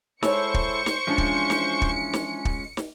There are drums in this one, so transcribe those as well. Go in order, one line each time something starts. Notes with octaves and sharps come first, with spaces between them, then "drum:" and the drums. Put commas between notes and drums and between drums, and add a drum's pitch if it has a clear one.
G#3 E4 A4 C5 C#5 C#6 C#7, drum: snare
drum: kick
drum: snare
E3 F3 G#3 C#4 D4 F4
drum: kick
drum: snare
drum: kick
drum: snare
drum: kick
drum: snare